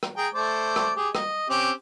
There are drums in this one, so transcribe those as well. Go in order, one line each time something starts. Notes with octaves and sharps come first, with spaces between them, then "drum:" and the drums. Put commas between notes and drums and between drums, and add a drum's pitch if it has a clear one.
drum: rim click
G#4 G5 A#5
A3 C5 D5
drum: rim click
G4 G#4
D#5, drum: rim click
C4 C#4 G4